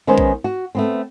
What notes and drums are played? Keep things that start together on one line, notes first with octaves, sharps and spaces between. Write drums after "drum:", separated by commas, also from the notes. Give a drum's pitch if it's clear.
D#3 G#3 B3 C#4 C5
drum: kick A#1
F#4
A3 B3 C4